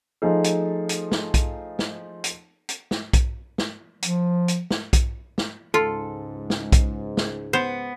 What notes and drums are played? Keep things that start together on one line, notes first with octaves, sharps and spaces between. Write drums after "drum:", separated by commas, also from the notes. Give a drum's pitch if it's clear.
F3 A3 D#4 G#4
drum: hi-hat
drum: hi-hat
drum: snare
drum: kick B1, hi-hat
drum: snare
drum: hi-hat
drum: hi-hat
drum: snare
drum: kick B1, hi-hat
drum: snare
F3, drum: hi-hat
drum: hi-hat
drum: snare
drum: kick B1, hi-hat
drum: snare
C#2 G#2 F4 A4
drum: snare
drum: kick B1, hi-hat
drum: snare
B3 C5